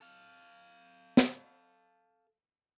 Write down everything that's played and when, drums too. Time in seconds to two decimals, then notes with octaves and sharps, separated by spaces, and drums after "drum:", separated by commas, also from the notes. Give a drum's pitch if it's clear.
0.01 A4 F5
1.17 drum: snare